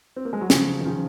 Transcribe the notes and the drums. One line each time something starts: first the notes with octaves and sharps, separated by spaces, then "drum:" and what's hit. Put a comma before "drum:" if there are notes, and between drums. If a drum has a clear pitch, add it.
C4
A#3
G#3
F#3
C#3 F3, drum: snare
D#3
C#3 F3